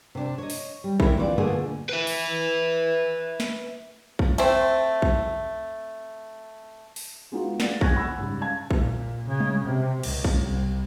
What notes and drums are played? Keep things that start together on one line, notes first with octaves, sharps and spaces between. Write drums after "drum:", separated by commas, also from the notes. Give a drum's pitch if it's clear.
C3 D4
C#5 D#5
drum: open hi-hat
G3
A2 D3 D#3 G#3 C4 E4, drum: kick A#1
E3 C4 F4 C5 D5
B2 D3 A3 A#3 F4 G#4
B4 E5
drum: open hi-hat
drum: snare
drum: kick A#1
A3 C4, drum: cymbal
drum: kick A#1
drum: open hi-hat
G#3 B3 D#4 F4 F#4
G#3 A#3 B3 D5 F#5 A6, drum: snare
G#5 C#6 F#6 G#6 A#6, drum: kick A#1
F#5 B5 E6
G#2 C#3 G3
F5 A5 G#6
A#2, drum: kick A#1
C#3
drum: tom G3
C3
C#2, drum: cymbal
drum: kick A#1
C2